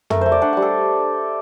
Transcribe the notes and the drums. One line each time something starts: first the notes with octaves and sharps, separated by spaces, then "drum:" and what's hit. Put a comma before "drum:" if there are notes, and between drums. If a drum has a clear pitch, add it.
A3 A#4, drum: tom
A3 C5
D5
D4 F#5
G3 F#5
A4